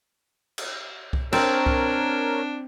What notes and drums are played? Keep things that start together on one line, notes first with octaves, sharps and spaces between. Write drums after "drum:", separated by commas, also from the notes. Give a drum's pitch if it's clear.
drum: cymbal
drum: kick C2
C4 D4 A#4 C#5, drum: cymbal
drum: kick C2